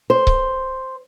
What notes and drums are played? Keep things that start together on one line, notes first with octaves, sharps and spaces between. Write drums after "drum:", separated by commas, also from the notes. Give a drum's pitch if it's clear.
C5
drum: kick C#1